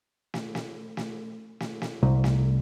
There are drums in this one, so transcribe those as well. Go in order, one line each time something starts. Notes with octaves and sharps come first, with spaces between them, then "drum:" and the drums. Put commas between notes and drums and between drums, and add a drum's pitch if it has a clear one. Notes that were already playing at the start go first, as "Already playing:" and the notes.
drum: snare
drum: snare
drum: snare
drum: snare
drum: snare
C2
drum: snare